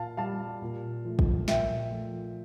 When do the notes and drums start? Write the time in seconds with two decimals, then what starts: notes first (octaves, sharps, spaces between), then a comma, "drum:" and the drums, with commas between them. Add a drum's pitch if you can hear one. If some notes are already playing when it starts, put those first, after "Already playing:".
Already playing: A#2 F5 A5
0.17 G3 F5 A5
0.62 A#2
1.05 F3 A3
1.19 drum: kick
1.48 A#2 E5 G5, drum: snare
1.92 F3 A3